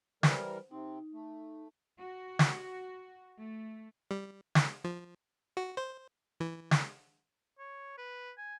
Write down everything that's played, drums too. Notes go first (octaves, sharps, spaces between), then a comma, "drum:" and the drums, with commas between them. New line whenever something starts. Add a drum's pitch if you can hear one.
E3 G3 A#4 C5, drum: snare
C3 C4 D#4
A3
F#4
drum: snare
A3
G3
drum: snare
F3
F#4
C5
E3
drum: snare
C#5
B4
G#5